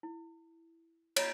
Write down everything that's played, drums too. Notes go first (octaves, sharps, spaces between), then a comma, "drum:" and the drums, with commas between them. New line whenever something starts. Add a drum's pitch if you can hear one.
E4
C#5 D#5 A#5 B5, drum: cymbal